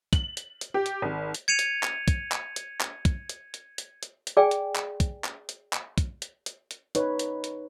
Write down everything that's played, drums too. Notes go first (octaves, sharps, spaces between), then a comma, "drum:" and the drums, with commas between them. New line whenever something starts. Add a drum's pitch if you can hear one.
F#7, drum: kick, hi-hat
drum: hi-hat
drum: hi-hat
G4
drum: hi-hat
G#1
drum: hi-hat
G#6 C#7 D#7 F7
drum: hi-hat
drum: clap
drum: kick, hi-hat
drum: clap
drum: hi-hat
drum: clap
drum: kick, hi-hat
drum: hi-hat
drum: hi-hat
drum: hi-hat
drum: hi-hat
drum: hi-hat
G#4 D5 G5 G#5
drum: hi-hat
drum: clap
drum: kick, hi-hat
drum: clap
drum: hi-hat
drum: clap
drum: kick, hi-hat
drum: hi-hat
drum: hi-hat
drum: hi-hat
D#4 B4 C#5, drum: hi-hat
drum: hi-hat
drum: hi-hat